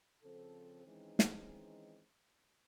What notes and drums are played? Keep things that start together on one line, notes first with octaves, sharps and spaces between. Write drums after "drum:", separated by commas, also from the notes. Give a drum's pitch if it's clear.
C#3 F3 C4 A4
D#3 E3 G#3 C4 C#4 D#4
drum: snare